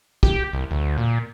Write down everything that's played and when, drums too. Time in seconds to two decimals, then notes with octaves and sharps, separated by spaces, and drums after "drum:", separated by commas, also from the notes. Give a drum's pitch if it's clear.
0.23 G4, drum: kick
0.53 C2
0.71 D2
0.98 A#2